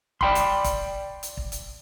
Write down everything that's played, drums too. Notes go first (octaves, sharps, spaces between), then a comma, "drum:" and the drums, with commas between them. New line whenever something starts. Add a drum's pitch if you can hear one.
D5 D#5 G5 B5 C6, drum: kick
drum: hi-hat
drum: kick, hi-hat
drum: hi-hat
drum: kick
drum: hi-hat